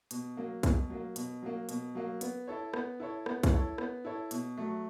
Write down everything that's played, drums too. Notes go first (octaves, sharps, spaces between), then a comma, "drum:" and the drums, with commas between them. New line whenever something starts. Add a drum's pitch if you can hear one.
B2, drum: hi-hat
F#3 A#3
B2, drum: kick B1, hi-hat
F#3 A#3
B2, drum: hi-hat
F#3 A#3
B2, drum: hi-hat
F#3 A#3
B3, drum: hi-hat
E4 A4 C#5
B3, drum: rim click
E4 A4 C#5
B3, drum: rim click
drum: kick B1, hi-hat
E4 A4 C#5
B3, drum: rim click
E4 A4 C#5
B2, drum: hi-hat
F#3 A3